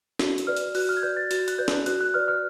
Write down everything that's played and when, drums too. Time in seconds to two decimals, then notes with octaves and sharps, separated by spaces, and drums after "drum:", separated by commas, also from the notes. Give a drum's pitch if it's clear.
0.19 F#4, drum: snare
0.38 drum: hi-hat
0.47 B4 D5 F6
0.57 drum: hi-hat
0.75 F#4 F#6, drum: open hi-hat
0.89 F6
0.97 G#6
1.03 B4 D5 G6
1.17 A6
1.31 F#4, drum: hi-hat
1.48 F#6, drum: hi-hat
1.58 B4 D5 G6
1.68 drum: snare
1.86 F#4 F#6, drum: hi-hat
2.01 F#6
2.14 B4 D5 F6
2.28 F6